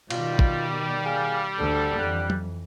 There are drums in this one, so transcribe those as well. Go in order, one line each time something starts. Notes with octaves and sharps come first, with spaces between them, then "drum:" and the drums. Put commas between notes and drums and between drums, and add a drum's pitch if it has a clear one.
B2 D#3 G3 F4, drum: cymbal
drum: kick
G#4 F5
D2 D3 A4
F2 E3 F#6
drum: tom F#3